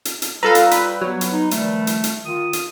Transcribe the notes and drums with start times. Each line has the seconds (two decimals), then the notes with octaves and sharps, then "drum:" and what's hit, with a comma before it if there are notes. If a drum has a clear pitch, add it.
0.05 drum: hi-hat
0.22 drum: hi-hat
0.43 G3 F4 A4 B4 F5 A#5 E6
0.55 drum: hi-hat
0.71 B4, drum: hi-hat
1.01 F#3 B3 C#5
1.21 drum: hi-hat
1.32 D#4
1.51 D#3 F3 G3 A3, drum: hi-hat
1.87 drum: hi-hat
2.04 drum: hi-hat
2.25 D#3 F4 D#6
2.53 drum: hi-hat